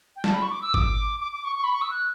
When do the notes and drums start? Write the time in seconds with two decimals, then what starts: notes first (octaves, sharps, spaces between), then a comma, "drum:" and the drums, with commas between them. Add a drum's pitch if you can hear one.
0.16 G5
0.24 A5, drum: snare
0.33 B5
0.42 C#6
0.51 D6
0.62 E6
0.74 D6, drum: kick G#1
1.20 D6
1.33 D6
1.44 C#6
1.56 C#6
1.64 B5
1.73 C#6
1.82 E6
1.91 F#6